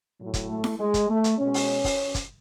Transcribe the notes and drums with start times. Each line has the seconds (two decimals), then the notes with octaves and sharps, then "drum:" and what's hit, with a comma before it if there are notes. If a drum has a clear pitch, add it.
0.19 A2 F#3
0.34 drum: kick, hi-hat
0.49 A3
0.64 drum: snare E4
0.79 G#3
0.94 drum: kick, hi-hat
1.09 A3
1.24 drum: hi-hat
1.39 B2 G#3 C#4
1.54 drum: open hi-hat
1.84 drum: kick, open hi-hat
2.15 drum: kick, hi-hat